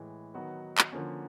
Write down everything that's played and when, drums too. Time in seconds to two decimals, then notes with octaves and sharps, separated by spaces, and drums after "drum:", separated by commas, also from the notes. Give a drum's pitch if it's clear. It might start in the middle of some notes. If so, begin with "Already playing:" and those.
Already playing: A2 E3 G#3
0.34 D#3 F#3 B3 D#4 F#4
0.78 drum: clap
0.92 D3 F3 A#3 C#4